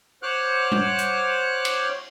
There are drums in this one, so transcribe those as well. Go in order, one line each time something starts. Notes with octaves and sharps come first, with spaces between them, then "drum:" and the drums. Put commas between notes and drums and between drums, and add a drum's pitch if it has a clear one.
C5 C#5 F#5 D6 F6 F#6
drum: tom G3
drum: hi-hat
drum: cymbal